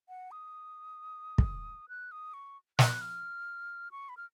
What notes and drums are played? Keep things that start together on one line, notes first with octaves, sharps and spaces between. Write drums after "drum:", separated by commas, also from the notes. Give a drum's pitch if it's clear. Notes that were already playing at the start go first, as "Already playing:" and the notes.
F#5
D#6
drum: kick
F#6
D#6
C#6
F#6, drum: snare
F6
C#6
B5
F6